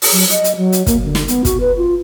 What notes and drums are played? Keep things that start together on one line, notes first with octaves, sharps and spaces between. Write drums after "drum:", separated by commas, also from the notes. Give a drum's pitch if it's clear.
drum: open hi-hat
F#3
D#5, drum: hi-hat
drum: hi-hat
F#3
drum: hi-hat
A#3, drum: kick, hi-hat
D3
drum: snare
B3, drum: hi-hat
F#4, drum: kick, hi-hat
B4
F4